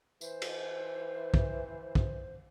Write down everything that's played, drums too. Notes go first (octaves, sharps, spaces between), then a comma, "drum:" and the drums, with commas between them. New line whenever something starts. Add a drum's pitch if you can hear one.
E3 C5, drum: tambourine
drum: cymbal
drum: kick
drum: kick